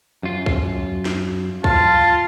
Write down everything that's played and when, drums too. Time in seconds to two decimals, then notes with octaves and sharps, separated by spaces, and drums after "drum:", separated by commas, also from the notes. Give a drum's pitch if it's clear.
0.23 F#2 F4
0.46 drum: kick
1.05 drum: snare
1.64 F4 A5, drum: kick